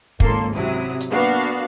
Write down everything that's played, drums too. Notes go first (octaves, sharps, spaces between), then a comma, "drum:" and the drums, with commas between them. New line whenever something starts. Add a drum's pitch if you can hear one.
G#1 C#2 A#3 A4 C6, drum: kick
C3 F#3 E4 D#6
drum: hi-hat
A#3 B3 D4 F#4 F5